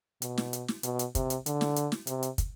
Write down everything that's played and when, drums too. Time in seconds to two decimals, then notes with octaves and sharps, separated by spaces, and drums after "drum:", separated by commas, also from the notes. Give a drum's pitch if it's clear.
0.22 B2, drum: hi-hat
0.38 drum: snare
0.53 drum: hi-hat
0.68 drum: snare
0.83 B2, drum: hi-hat
0.99 drum: hi-hat
1.15 C3, drum: kick, hi-hat
1.30 drum: hi-hat
1.46 D3, drum: hi-hat
1.61 drum: snare
1.76 drum: hi-hat
1.92 drum: snare
2.07 C3, drum: hi-hat
2.23 drum: hi-hat
2.38 drum: kick, hi-hat